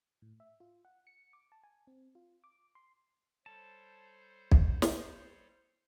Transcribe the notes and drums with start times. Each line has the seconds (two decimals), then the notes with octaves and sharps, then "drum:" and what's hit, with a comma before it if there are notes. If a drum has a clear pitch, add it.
0.22 A2
0.40 E5
0.60 F4
0.85 F#5
1.07 C#7
1.33 D6
1.52 A5
1.64 G#5
1.87 C4
2.15 F4
2.44 D6
2.75 C6
3.46 G3 A4 C5 C#5 A5
4.51 drum: kick B1
4.82 drum: snare